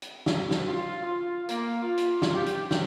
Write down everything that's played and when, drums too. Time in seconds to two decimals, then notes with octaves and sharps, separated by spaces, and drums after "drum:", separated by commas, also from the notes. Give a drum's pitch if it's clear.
0.02 drum: hi-hat
0.26 drum: snare
0.51 drum: snare
0.68 F4
1.03 F4
1.49 A#3, drum: hi-hat
1.82 F4
1.97 drum: hi-hat
2.22 drum: snare
2.35 G4
2.46 drum: hi-hat
2.71 drum: snare